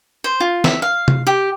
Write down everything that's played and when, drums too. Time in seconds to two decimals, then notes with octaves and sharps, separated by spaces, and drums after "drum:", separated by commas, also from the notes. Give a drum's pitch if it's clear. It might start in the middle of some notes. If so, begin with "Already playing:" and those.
0.24 C5
0.40 F4
0.64 E5, drum: snare
0.82 F5
1.08 drum: tom C3
1.27 G4